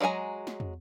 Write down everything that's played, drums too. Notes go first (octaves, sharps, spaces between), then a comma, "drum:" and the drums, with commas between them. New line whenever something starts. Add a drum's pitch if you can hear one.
F#3 G#3 G#4 G#5 A#5
drum: snare
drum: tom